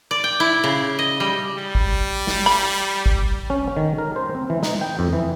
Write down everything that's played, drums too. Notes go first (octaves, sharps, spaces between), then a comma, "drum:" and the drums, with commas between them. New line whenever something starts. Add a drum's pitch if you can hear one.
D5
G5
E4
C#3
D#5
G3
G3
drum: kick G#1
drum: snare
B5
drum: kick G#1
C#4
D#3
A#4
C5
C4
E3
D#4, drum: snare
G5
F2
E3